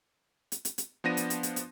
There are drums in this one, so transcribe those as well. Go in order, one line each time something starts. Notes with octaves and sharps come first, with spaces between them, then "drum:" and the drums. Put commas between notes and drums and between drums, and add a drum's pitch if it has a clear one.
drum: hi-hat
drum: hi-hat
drum: hi-hat
F3 B3 D4 A#6 D#7
drum: hi-hat
drum: hi-hat
drum: hi-hat
drum: hi-hat